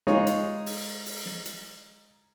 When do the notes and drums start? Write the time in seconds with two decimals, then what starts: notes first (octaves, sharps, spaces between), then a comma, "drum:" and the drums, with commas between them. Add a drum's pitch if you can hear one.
0.07 G#3 D#4 F4 C#5, drum: snare
0.27 drum: hi-hat
0.66 drum: open hi-hat
1.06 drum: open hi-hat
1.26 drum: snare
1.46 drum: hi-hat